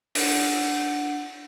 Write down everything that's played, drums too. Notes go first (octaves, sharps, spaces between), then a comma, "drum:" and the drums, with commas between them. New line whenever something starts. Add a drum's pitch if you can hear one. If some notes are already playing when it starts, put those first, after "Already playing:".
D4 F#5, drum: open hi-hat